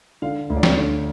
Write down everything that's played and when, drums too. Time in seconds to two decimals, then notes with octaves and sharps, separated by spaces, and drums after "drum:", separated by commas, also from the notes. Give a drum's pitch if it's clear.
0.22 D3 F5
0.50 D2
0.57 D5
0.63 C#5, drum: snare
0.77 D3